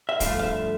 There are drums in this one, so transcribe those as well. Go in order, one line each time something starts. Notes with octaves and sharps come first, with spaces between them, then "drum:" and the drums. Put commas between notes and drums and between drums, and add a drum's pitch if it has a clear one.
E5
G2 D3 F3 A3 F5, drum: kick, hi-hat
F5
E5